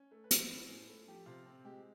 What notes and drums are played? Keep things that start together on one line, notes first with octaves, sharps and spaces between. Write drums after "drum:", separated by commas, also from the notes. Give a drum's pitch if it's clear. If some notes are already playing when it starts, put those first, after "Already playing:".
Already playing: C#4
A3
B4
F3 C5, drum: hi-hat
A2
C#4
A3
F3 G4
C3 F4
C4
G#3 G4